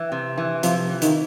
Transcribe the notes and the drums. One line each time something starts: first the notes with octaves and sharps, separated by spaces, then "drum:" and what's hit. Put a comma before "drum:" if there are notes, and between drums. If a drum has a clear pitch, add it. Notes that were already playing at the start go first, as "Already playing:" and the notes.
Already playing: E3
C3
E3
C3 F3, drum: hi-hat
E3
D#3, drum: hi-hat